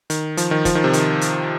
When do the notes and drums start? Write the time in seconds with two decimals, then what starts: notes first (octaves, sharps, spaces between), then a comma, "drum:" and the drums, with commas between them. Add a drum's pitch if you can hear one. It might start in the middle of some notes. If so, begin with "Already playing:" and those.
0.10 D#3, drum: hi-hat
0.37 F3, drum: hi-hat
0.51 D#3
0.65 F3, drum: kick, hi-hat
0.75 D#3
0.84 C3
0.93 D#3, drum: hi-hat
1.21 drum: hi-hat